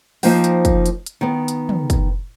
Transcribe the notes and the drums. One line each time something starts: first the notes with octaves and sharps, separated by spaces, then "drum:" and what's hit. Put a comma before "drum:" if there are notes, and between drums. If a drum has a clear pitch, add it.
F3 A#3 D#4 C5 G5, drum: open hi-hat
drum: hi-hat
drum: kick, hi-hat
drum: hi-hat
drum: hi-hat
D#3 B3
drum: hi-hat
drum: tom
drum: kick, hi-hat